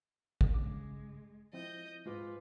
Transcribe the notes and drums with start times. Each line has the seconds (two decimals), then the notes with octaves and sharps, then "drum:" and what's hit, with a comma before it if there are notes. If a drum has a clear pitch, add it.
0.41 drum: kick
0.54 G2 C#3 G#3 D6
1.53 F3 C4 E4 D#5 G6
2.05 G#2 F4 B4 D6